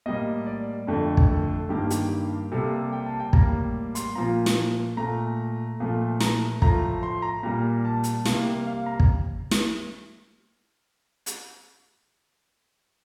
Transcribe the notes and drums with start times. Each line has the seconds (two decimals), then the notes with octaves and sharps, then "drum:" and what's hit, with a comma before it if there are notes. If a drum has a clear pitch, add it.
0.06 A2 G3 A#3 D#5
0.46 D5
0.87 F2 D3 A3
1.17 drum: kick
1.29 A4
1.69 G2 D#3 A#3 G4
1.90 G4, drum: hi-hat
2.52 C3 G3 A#3 A4
2.93 G5
3.06 A5
3.20 G5
3.33 A2 G3 A#3 A#5, drum: kick
3.95 C6, drum: hi-hat
4.15 A#2 F3 A#3 A#5
4.46 drum: snare
4.97 A#2 A3 A#5
5.80 A#2 F3 A3
6.20 A#5, drum: snare
6.62 A2 F3 A3 A#5, drum: kick
7.03 C6
7.22 A#5
7.43 A#2 G3 A#3 A#5
7.85 A5
8.04 drum: hi-hat
8.25 C3 G3 A#3 F5, drum: snare
8.67 F5
8.86 A#5
9.00 drum: kick
9.51 drum: snare
11.26 drum: hi-hat